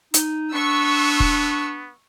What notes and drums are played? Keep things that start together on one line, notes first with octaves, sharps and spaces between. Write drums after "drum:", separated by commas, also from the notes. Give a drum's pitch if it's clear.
D#4, drum: hi-hat
B3 D4 C#6 E6
drum: kick